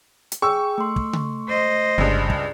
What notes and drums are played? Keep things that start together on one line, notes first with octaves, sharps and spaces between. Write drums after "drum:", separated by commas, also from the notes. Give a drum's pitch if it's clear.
drum: hi-hat
G#4 G5 C#6 E6
A3 C6
drum: kick
drum: tom C#3
C5 D#5
G1 C#2 G2
drum: kick